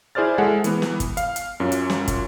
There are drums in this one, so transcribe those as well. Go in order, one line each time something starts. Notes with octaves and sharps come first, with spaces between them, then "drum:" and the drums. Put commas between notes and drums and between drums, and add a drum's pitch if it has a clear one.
E4 G#4 C5 D5 F6 A6
G#3 G#4 A4 E5 F#5
E3 B3, drum: hi-hat
drum: snare
drum: kick, hi-hat
F5, drum: hi-hat
drum: hi-hat
F#2 C#4 F4
drum: hi-hat
drum: snare
drum: kick, hi-hat